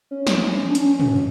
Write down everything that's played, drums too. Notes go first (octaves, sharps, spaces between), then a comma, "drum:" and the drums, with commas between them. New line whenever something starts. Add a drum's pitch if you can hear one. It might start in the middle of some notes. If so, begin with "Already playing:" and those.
C#4
drum: snare
D4
C#4, drum: hi-hat
drum: tom